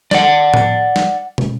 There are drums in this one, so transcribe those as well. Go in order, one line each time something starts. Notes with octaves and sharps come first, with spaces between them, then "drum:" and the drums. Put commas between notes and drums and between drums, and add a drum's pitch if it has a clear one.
D5 F#5, drum: snare
drum: tom A2
drum: snare
drum: tom